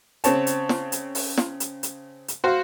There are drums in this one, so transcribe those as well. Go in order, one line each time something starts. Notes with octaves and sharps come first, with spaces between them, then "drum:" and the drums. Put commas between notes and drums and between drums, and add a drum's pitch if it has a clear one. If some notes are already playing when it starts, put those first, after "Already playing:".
C#3 C4 C#5 A5, drum: hi-hat
drum: hi-hat
drum: snare
drum: hi-hat
drum: open hi-hat
drum: snare
drum: hi-hat
drum: hi-hat
drum: hi-hat
F#4 C5 F5